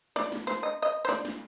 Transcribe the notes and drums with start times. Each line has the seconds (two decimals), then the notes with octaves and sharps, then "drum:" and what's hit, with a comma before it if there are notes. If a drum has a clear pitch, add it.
0.16 D5, drum: snare
0.32 drum: snare
0.47 C5, drum: snare
0.63 D#5
0.82 D#5
1.05 C5
1.09 D5, drum: snare
1.25 drum: snare